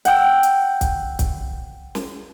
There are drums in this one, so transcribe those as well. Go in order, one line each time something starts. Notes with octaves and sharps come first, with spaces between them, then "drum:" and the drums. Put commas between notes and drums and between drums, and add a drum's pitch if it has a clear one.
F#5 G5 E6, drum: hi-hat
drum: hi-hat
drum: kick, hi-hat
drum: kick, hi-hat
drum: snare